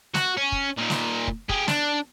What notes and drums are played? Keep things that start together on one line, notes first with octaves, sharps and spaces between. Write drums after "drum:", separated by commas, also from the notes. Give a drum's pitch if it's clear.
F#4, drum: snare
C#4
drum: kick
A#2 D#4
drum: snare
drum: kick
G4 G#4, drum: kick
D4, drum: snare